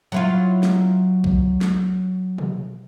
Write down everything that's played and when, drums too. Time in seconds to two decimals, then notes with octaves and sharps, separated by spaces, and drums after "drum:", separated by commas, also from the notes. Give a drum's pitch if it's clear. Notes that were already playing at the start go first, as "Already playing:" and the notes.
0.12 F#3 E4 F4
0.63 drum: snare
1.24 drum: kick B1
1.61 drum: snare
2.38 drum: tom B2